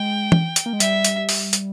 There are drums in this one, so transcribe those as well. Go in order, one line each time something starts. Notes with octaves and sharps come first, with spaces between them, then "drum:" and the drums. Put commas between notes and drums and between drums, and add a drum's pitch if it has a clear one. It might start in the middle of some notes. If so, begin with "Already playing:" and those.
Already playing: G#3 G5
drum: tom E3
drum: hi-hat
A#3
G#3
G3 E5, drum: hi-hat
drum: hi-hat
drum: open hi-hat
drum: hi-hat